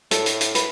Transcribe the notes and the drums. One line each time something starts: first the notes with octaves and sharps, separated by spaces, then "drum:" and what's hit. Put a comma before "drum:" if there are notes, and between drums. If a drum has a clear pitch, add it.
A2 A4, drum: hi-hat
drum: hi-hat
drum: hi-hat
B4, drum: hi-hat